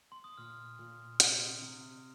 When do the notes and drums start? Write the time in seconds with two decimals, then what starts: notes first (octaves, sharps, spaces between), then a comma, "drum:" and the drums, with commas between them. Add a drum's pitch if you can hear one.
0.12 C6
0.24 D#6
0.38 A#2 F6
0.79 A#2
1.20 C3, drum: hi-hat
1.62 C3